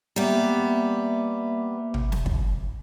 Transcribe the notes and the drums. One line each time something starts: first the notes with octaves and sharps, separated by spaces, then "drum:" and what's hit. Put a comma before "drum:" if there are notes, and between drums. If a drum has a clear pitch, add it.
G3 A#3 B3 E5 D6
drum: tom
drum: snare
drum: kick